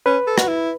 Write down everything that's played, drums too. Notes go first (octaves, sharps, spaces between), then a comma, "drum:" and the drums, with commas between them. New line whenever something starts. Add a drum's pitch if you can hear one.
C#4 B4
A4
F#4, drum: rim click
E4